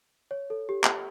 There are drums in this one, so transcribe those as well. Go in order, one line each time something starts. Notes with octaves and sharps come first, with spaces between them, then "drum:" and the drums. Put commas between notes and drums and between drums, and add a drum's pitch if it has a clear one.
C#5
A4
G4
drum: clap